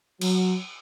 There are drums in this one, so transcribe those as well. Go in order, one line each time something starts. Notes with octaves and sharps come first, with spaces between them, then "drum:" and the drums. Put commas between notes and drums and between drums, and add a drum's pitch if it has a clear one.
F#3, drum: cymbal